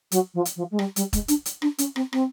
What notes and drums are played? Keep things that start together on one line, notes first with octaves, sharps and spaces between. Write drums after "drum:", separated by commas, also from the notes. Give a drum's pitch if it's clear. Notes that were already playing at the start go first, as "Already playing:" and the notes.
F#3, drum: hi-hat
F3
drum: hi-hat
F3
G#3
G3, drum: rim click
G3, drum: hi-hat
G#3, drum: kick E1, hi-hat
D4, drum: hi-hat
drum: hi-hat
D4, drum: rim click
C#4, drum: hi-hat
C4, drum: rim click
C4, drum: rim click